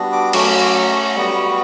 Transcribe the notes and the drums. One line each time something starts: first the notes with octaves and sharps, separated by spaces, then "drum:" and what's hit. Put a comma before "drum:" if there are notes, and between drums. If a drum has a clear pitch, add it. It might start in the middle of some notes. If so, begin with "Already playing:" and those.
Already playing: G3 B3 D4 F#4
D6
F#3 A3 C#4 F#4 D6, drum: cymbal
D6
C#6
C#6
G3 B3 F#4